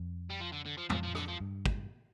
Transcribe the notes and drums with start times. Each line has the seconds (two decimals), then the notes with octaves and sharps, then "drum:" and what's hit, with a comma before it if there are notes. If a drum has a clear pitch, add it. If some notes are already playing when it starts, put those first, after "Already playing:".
Already playing: F2
0.30 G3
0.41 F3
0.52 D3
0.66 D3
0.77 F3
0.90 F2 F3, drum: tom
1.03 F3
1.15 D3, drum: rim click
1.28 F3
1.40 G2
1.66 drum: kick